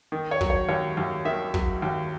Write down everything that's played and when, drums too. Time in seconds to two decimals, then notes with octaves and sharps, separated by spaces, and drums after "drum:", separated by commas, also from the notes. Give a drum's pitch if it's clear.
0.12 D#3
0.31 C#5
0.41 F#3, drum: kick
0.50 C#5
0.69 D#2 C#5
0.97 D#2
1.25 D#3 E5
1.54 F#3, drum: kick
1.82 D#2